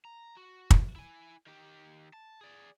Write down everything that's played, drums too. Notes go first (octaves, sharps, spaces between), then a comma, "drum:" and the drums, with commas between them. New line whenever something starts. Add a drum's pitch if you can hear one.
A#5
F#4
drum: kick
E4 G#5
D#3 G4
A5
G#4 D5